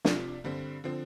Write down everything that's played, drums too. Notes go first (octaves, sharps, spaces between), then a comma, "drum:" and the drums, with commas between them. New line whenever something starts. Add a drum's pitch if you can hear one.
C3 F3 D4 F4, drum: snare
G2 D3 G3 C4
D3 F3 C4